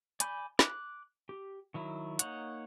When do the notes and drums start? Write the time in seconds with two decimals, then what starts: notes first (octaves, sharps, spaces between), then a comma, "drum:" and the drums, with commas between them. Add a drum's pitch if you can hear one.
0.20 D5 G#5 B5 G6, drum: hi-hat
0.59 D6 F#6, drum: snare
1.29 G4
1.74 D#3 F#3 E4
2.19 A#3 D#4 C#5 F#5, drum: hi-hat